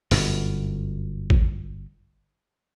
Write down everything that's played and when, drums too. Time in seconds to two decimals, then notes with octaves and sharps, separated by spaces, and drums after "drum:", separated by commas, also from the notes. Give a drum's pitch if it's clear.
0.11 G1 F#2 B2, drum: open hi-hat
1.30 drum: kick